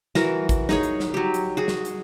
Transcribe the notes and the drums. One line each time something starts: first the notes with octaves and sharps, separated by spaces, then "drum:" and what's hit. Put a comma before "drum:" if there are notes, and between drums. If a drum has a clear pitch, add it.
E3 F#4 A#4, drum: snare
drum: kick A1, hi-hat
D#4 G#4 C#5, drum: snare
drum: hi-hat
drum: snare
F#3 G4
drum: hi-hat
F#4 G#4
drum: snare
drum: hi-hat